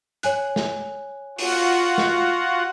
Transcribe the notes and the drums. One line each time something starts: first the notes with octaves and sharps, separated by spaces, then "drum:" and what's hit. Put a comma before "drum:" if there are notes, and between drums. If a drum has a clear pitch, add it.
C#5 G#5 F#6, drum: hi-hat
drum: snare
F4 F#4 F#5, drum: open hi-hat
drum: snare